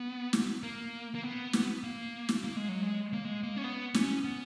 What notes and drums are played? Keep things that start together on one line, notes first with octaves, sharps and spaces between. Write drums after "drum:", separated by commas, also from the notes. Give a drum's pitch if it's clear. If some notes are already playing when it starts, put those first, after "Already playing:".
Already playing: B3
drum: snare
A#3
A#3
B3
drum: snare
A#3
drum: snare
A#3
G#3
F#3
G#3
A#3
G#3
A#3
C#4
B3
C#4, drum: snare
B3